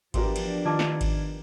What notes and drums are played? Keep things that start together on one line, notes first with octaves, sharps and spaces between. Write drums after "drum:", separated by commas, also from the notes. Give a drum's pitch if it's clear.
E3 F3 B3 D4 F#4 G4 A#4, drum: kick G#1, cymbal
drum: cymbal
D#3 E4 F4 A5 D6 G#6
drum: snare
drum: kick G#1, cymbal